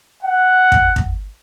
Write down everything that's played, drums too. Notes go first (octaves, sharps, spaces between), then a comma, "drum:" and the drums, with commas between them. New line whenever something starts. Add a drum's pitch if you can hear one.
F#5
drum: kick
drum: kick